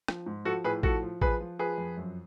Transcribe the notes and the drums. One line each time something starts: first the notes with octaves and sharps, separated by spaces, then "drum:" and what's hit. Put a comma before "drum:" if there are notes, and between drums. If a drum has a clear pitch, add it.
F3, drum: rim click
G#2
F3 F#4 A4
A2 G#4 B4
F3 F#4 A4, drum: kick A1
F3
F3 G#4 B4, drum: kick A1
F3
F3 G#4 B4
F2
F#2